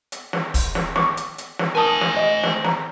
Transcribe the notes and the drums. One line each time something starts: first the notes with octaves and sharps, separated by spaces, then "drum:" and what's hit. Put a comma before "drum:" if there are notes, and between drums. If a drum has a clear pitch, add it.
drum: hi-hat
drum: snare
drum: kick, open hi-hat
drum: snare
C#6 D6, drum: snare
drum: hi-hat
drum: hi-hat
drum: snare
A#4 C5 G#5 A5 D#6
drum: snare
D#5
drum: snare
A#5, drum: snare